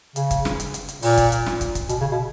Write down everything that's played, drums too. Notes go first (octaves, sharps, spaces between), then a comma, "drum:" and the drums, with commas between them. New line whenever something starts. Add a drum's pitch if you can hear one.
C#3, drum: hi-hat
drum: kick, hi-hat
drum: snare
drum: hi-hat
drum: hi-hat
drum: hi-hat
A#2, drum: open hi-hat
drum: kick, hi-hat
drum: hi-hat
drum: snare
drum: kick, hi-hat
drum: kick, hi-hat
B2, drum: hi-hat
C#3
B2